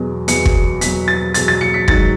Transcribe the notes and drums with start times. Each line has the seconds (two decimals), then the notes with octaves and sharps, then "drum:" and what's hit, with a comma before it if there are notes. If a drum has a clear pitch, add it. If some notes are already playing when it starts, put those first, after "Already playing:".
Already playing: E2 B2 F#3
0.28 E2 B2 F#3 C#7, drum: hi-hat
0.46 drum: kick
0.81 E2 B2 F#3 B6, drum: hi-hat
1.08 A6
1.34 E2 B2 F#3 A6, drum: hi-hat
1.48 A6
1.61 C#7
1.74 B6
1.88 G#2 D#3 F#3 A6, drum: kick